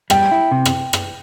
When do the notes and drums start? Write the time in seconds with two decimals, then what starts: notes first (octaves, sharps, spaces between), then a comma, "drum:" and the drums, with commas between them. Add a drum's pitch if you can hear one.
0.10 G3 G5, drum: rim click
0.32 E4
0.51 C3
0.65 drum: rim click
0.93 drum: rim click